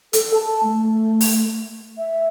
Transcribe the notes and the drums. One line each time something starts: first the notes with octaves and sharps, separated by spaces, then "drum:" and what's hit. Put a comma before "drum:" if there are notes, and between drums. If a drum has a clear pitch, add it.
A4, drum: hi-hat
A5
A3
drum: open hi-hat
E5